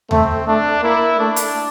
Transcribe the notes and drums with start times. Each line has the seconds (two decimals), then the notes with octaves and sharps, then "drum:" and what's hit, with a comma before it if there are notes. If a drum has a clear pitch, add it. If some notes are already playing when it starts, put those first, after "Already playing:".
0.11 A3 C4, drum: tom D#2
0.47 A3 D4
0.82 A#3 E4
1.18 A3 D4
1.36 drum: hi-hat